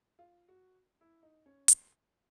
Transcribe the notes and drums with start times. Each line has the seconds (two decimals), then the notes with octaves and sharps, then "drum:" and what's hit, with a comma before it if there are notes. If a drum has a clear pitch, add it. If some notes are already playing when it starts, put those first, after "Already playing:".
0.19 F4
0.48 F#4
1.01 E4
1.23 D#4
1.46 C#4
1.68 drum: hi-hat